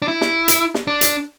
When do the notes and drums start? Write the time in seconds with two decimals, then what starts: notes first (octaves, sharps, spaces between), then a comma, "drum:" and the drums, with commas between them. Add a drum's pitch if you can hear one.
0.02 D4
0.08 E4
0.21 drum: snare
0.48 drum: hi-hat
0.74 drum: snare
0.87 D4
1.01 drum: hi-hat